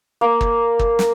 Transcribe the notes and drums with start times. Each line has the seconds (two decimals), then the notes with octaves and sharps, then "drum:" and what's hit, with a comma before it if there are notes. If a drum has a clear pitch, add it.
0.21 A#3
0.41 drum: kick
0.79 drum: kick
0.99 drum: snare